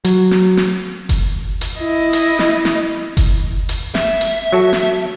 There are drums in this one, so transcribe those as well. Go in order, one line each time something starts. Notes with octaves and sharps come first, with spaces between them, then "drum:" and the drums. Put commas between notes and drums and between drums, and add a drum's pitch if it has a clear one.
F#3, drum: hi-hat
drum: snare
drum: snare
drum: kick F#1, hi-hat
drum: hi-hat
E4 D#5
drum: hi-hat
drum: snare
drum: snare
drum: kick F#1, hi-hat
drum: hi-hat
E5, drum: snare
drum: hi-hat
F#3 F#4 A4
drum: snare